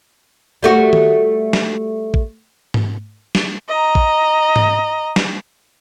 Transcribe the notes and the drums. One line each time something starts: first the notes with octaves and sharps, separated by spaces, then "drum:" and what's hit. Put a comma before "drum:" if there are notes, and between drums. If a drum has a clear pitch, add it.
G3 A3 F#4
drum: tom D#3
drum: snare
drum: kick A1
drum: tom G#2
drum: snare
D#5 A#5
drum: kick A1
drum: tom G#2
drum: snare